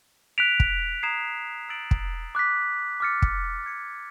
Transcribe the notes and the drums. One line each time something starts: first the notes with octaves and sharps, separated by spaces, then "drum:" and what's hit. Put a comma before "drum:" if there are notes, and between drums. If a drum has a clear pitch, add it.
F#6 B6 D7 F7
drum: kick
A#5 D#6 G#6 C7 E7
E6 A6 D7 F#7
drum: kick
D6 F#6 B6
D6 F6 A6 C#7
drum: kick
F6 G#6 C#7